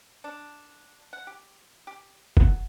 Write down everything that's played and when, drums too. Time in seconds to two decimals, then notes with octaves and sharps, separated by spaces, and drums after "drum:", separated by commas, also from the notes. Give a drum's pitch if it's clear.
0.24 D4
1.13 F#5
1.27 G4
1.87 G4
2.37 F#3, drum: kick